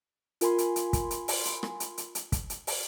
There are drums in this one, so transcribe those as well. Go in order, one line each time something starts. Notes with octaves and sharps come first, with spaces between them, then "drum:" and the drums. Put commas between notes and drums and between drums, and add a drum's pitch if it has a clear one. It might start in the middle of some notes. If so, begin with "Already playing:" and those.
F4 A#4 G#5 B5 C6, drum: hi-hat
drum: hi-hat
drum: hi-hat
drum: kick, hi-hat
drum: hi-hat
drum: open hi-hat
drum: hi-hat
drum: rim click
drum: hi-hat
drum: hi-hat
drum: hi-hat
drum: kick, hi-hat
drum: hi-hat
drum: open hi-hat